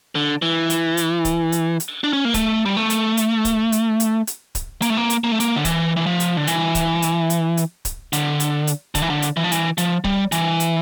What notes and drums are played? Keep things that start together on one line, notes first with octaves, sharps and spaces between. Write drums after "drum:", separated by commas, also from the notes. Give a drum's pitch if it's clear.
D3
E3
drum: hi-hat
drum: hi-hat
drum: kick C#1, hi-hat
drum: hi-hat
drum: hi-hat
D4
C#4
A#3
A3, drum: kick C#1, hi-hat
G3
A3
drum: hi-hat
drum: hi-hat
drum: kick C#1, hi-hat
drum: hi-hat
drum: hi-hat
drum: hi-hat
drum: kick C#1, hi-hat
A#3, drum: hi-hat
A3
A#3
drum: hi-hat
A#3
A3
A#3, drum: hi-hat
D3
E3, drum: kick C#1, hi-hat
E3
F3
drum: hi-hat
D3
E3, drum: hi-hat
drum: kick C#1, hi-hat
drum: hi-hat
drum: hi-hat
drum: hi-hat
drum: kick C#1, hi-hat
D3, drum: hi-hat
drum: hi-hat
drum: hi-hat
D3, drum: kick C#1, hi-hat
E3
D3
drum: hi-hat
E3
F3
E3, drum: hi-hat
F3, drum: hi-hat
G3, drum: kick C#1
E3, drum: hi-hat
drum: hi-hat